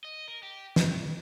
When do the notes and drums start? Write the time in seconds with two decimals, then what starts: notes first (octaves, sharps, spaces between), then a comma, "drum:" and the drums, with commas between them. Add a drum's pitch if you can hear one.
0.05 D#5
0.28 A#4
0.43 G4
0.76 C2, drum: snare